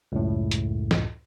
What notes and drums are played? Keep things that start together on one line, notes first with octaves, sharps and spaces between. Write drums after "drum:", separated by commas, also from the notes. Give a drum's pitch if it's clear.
C#2 F#2 A2
drum: hi-hat
drum: snare